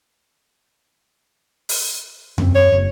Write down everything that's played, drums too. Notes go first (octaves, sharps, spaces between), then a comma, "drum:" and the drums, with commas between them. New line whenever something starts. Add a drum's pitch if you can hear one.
drum: open hi-hat
F#2 C4, drum: tom E2
C#5
F#1